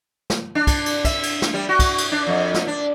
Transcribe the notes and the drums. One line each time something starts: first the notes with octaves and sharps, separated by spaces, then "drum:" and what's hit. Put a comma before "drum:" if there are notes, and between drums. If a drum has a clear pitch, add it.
drum: snare
D4
drum: kick, cymbal
drum: cymbal
E5, drum: kick, cymbal
drum: cymbal
drum: snare
G3
F#4
drum: kick, cymbal
drum: cymbal
D4
F2
drum: snare
D4